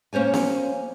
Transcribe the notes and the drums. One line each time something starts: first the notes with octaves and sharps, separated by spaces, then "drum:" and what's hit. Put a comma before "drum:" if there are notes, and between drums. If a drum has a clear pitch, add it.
A#3 C#4 C5 C#5 G#5
drum: snare B3